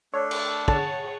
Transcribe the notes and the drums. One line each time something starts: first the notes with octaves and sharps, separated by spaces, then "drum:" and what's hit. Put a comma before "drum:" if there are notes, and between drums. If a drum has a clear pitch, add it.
A3 D4 A4 C#5
drum: cymbal
D3 G#4 C#5 F#5 A5, drum: kick